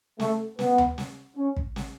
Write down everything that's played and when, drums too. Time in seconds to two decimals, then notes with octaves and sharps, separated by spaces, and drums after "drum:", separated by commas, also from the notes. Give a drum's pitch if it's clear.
0.20 A3, drum: snare
0.59 B3, drum: snare
0.78 drum: tom D2
0.98 drum: snare
1.37 C#4
1.56 drum: kick
1.76 drum: snare